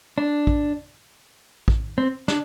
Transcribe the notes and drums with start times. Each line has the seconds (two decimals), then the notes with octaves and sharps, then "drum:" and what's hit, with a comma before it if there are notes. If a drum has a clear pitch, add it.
0.18 D4
0.47 drum: kick
1.68 drum: kick
1.98 C4
2.28 D4, drum: snare